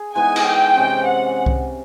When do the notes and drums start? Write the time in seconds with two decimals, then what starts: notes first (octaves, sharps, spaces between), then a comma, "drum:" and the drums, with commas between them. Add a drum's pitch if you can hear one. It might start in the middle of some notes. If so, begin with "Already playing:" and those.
Already playing: G#4
0.15 E3 G#3 B3 D#4 G#5
0.36 drum: cymbal
0.46 G5
0.76 C3 E3 G#3 C#4
1.06 F#5
1.46 drum: kick C2